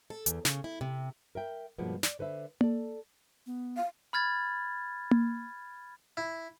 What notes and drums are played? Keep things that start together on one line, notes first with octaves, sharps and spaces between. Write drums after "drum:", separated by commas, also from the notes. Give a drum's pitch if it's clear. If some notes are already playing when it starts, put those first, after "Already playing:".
A4
E2, drum: hi-hat
C#3, drum: snare
E4
C3
A#4 E5 G5
G2 B2 F3 G#3 A#3 B3
D5, drum: snare
D3 B4 C5 E5
A4 D5, drum: tom A#3
B3
F5
B5 F6 G#6 A6
drum: tom A#3
E4